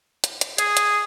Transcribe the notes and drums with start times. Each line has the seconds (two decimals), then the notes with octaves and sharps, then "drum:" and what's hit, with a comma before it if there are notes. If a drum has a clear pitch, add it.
0.24 drum: hi-hat
0.41 drum: hi-hat
0.58 G#4, drum: hi-hat
0.77 drum: hi-hat